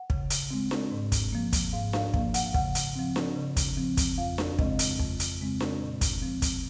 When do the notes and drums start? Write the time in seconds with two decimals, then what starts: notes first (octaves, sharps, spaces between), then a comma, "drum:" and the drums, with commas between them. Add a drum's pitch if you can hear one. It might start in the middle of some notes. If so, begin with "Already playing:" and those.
Already playing: F#5
0.10 C#3, drum: kick
0.30 drum: hi-hat
0.50 G#3 C4
0.71 drum: snare D4
0.91 G#2
1.12 drum: kick, hi-hat
1.33 F3 A#3
1.53 drum: kick, hi-hat
1.73 G#2 F5
1.93 F5, drum: snare D4
2.14 F3 A#3 F5, drum: kick
2.34 F#5, drum: hi-hat
2.54 C#3 F#5, drum: kick
2.75 drum: hi-hat
2.95 F3 C4
3.16 drum: snare D4
3.36 C#3
3.57 drum: kick, hi-hat
3.77 F3 C4
3.97 drum: kick, hi-hat
4.18 F2 F5
4.38 drum: snare D4
4.59 C#3 G#3 C4 D#5, drum: kick
4.79 drum: hi-hat
4.99 F2, drum: kick
5.20 drum: hi-hat
5.40 C#3 G#3 C4
5.60 drum: snare D4
5.81 A#2
6.01 drum: kick, hi-hat
6.22 F3 C4
6.42 drum: kick, hi-hat